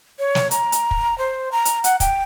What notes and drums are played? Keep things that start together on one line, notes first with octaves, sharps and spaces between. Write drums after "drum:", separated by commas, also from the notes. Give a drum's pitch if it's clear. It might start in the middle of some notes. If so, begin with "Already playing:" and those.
C#5
drum: snare
A#5, drum: hi-hat
drum: hi-hat
drum: kick
C5
A#5
drum: hi-hat
F#5, drum: hi-hat
G5, drum: kick, hi-hat